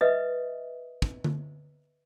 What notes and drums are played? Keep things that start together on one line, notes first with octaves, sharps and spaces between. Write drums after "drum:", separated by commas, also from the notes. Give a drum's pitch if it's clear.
B4 D#5 E5 D#6
drum: kick
drum: tom D3